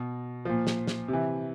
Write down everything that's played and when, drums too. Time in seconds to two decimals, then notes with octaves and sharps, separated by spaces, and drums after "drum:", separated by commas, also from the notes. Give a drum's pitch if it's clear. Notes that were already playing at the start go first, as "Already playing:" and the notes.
Already playing: B2
0.45 A#2 F3
0.67 drum: snare
0.87 drum: snare
1.08 C3 E3